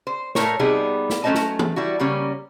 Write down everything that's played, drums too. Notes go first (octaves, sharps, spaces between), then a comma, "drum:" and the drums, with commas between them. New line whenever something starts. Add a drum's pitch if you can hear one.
C5
A2 A3 A#4 C#5, drum: snare
C3 G3 B3 D#4 G#4
drum: snare
F#3 A3 C#4 C5 D#5 A5
drum: snare
drum: tom E3
G3 E4 F#4
C#3 G3 A#3 C#4